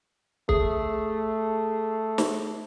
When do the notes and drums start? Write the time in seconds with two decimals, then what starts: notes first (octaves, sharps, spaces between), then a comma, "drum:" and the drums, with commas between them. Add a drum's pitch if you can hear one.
0.49 A3 G#4, drum: kick
2.18 drum: snare